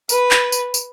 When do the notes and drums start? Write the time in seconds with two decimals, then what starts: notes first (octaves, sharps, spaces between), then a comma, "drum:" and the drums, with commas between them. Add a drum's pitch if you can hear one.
0.09 B4, drum: tambourine
0.31 drum: clap
0.52 drum: tambourine
0.74 drum: tambourine